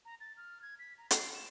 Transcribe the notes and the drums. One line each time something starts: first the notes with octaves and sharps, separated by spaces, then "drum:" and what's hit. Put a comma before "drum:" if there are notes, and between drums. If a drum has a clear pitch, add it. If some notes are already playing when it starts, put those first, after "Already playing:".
A#5
A6
F6
G#6
B6
A#5
C7, drum: hi-hat
E7